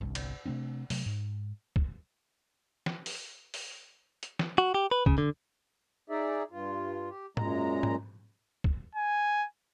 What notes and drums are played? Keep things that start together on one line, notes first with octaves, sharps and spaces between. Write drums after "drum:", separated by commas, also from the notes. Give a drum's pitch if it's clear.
G1 C2 G2
drum: cymbal
C3 A3 C4 D4
C3 F#3 A3, drum: open hi-hat
G#2
drum: kick
drum: snare
drum: open hi-hat
drum: open hi-hat
drum: hi-hat
drum: snare
F#4
G4
B4
C#3, drum: kick
D3
D#4 G#4 D5 E5
G2 F4
G4
F#2 A#2 G#3 A#5, drum: tom G#2
drum: tom G#2
drum: kick
G#5